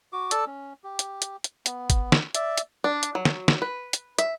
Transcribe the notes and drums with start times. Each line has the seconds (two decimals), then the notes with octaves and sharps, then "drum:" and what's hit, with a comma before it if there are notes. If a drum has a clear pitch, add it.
0.13 F#4 D6
0.31 A4 D5 A5 E6, drum: hi-hat
0.46 C#4
0.84 G4
0.99 drum: hi-hat
1.22 drum: hi-hat
1.44 drum: hi-hat
1.66 B3, drum: hi-hat
1.90 drum: kick G#1, hi-hat
2.12 drum: snare
2.35 D5 E5, drum: hi-hat
2.58 drum: hi-hat
2.84 D4
3.03 drum: hi-hat
3.15 F#3
3.25 drum: snare
3.48 drum: snare
3.62 B4
3.93 drum: hi-hat
4.18 E5, drum: hi-hat